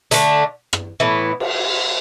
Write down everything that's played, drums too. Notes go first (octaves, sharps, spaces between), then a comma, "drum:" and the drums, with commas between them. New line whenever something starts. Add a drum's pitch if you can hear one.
D3 A3 D4, drum: hi-hat
drum: rim click
A2 E3 B3
drum: cymbal